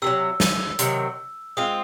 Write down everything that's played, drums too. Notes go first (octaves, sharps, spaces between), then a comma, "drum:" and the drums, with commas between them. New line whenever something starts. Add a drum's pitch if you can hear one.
C3 D#3 F#3 E6
drum: snare
C3 D#3 F#3, drum: hi-hat
G#3 C4 F4 D#6